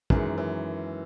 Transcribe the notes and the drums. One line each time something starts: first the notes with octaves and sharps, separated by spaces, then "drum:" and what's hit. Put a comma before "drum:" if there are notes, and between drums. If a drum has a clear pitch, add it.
F#2 D#3 E3 G#3, drum: kick
E3